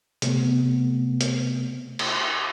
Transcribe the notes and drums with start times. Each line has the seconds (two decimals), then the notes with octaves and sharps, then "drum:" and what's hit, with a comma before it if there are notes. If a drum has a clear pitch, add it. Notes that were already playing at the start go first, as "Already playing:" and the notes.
0.22 C3 A3 B3, drum: hi-hat
1.21 drum: hi-hat
1.99 drum: cymbal